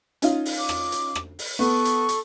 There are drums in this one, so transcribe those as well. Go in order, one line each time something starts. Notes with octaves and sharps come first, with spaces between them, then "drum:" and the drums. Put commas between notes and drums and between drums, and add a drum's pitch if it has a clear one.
C#4 D#4 F4, drum: hi-hat
drum: open hi-hat
D6
drum: rim click
drum: hi-hat
drum: rim click
drum: open hi-hat
B3 A4 C#6
drum: hi-hat
drum: hi-hat